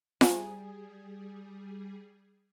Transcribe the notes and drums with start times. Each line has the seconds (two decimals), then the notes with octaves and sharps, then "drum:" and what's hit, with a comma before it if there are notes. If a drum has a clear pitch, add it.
0.21 G3 G#4 G#5, drum: snare F4